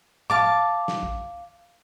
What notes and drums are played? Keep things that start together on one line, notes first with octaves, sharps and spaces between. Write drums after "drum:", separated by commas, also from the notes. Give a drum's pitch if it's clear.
F5 A5 D6, drum: tom A2
drum: snare
drum: kick